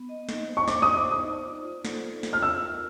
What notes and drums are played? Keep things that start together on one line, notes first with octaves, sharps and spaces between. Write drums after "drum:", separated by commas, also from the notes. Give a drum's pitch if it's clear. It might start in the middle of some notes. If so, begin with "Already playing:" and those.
Already playing: B3
D#5
D#4, drum: snare
C5
C#6
C5 D6, drum: snare
D#6
C5
D6
D#4
D#6
D5
F4
F4
A4, drum: snare
F4
F4, drum: snare
F6
B3 E6
A#4